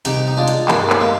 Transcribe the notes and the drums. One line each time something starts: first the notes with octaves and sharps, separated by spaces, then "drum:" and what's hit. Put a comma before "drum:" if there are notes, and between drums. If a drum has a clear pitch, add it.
C2 D#4 G4, drum: hi-hat
D#4
G#3 D4 F4
drum: hi-hat
G2 A#3 D4, drum: clap
drum: clap
G#3 A#3